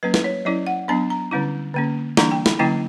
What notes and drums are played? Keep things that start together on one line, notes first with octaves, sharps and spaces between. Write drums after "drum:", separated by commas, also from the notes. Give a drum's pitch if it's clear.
F#3 A#3 C#4 B4
B4, drum: snare
C#5
F#3 C#4 E4 D5
F#5
F#3 B3 D4 A#5
A#5
D3 G3 C#4 E4
D3 A#3 C#4
E3 G3 A#3 D4 A#5, drum: snare
G5
B5, drum: snare
D3 F#3 A#3 C#4 E4 G5